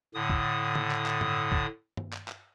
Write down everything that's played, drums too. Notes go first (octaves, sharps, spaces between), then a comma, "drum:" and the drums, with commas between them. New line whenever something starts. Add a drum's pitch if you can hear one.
A2 D3 D#6
drum: kick
drum: tom C#3
drum: clap
drum: clap
drum: tom G2
drum: kick
drum: tom G2
drum: clap
drum: clap